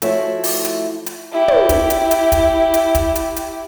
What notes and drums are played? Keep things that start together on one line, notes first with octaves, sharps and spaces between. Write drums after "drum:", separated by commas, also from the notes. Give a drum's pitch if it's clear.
F3 A3 E4 F#4 C#5 E5, drum: hi-hat
drum: open hi-hat
drum: hi-hat
drum: hi-hat
E4 G4
drum: tom
drum: kick, hi-hat
drum: hi-hat
drum: hi-hat
drum: kick, hi-hat
drum: hi-hat
drum: kick, hi-hat
drum: hi-hat
drum: hi-hat